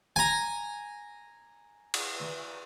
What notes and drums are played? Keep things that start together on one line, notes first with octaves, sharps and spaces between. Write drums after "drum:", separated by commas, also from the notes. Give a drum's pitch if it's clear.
G#5 A#5
drum: cymbal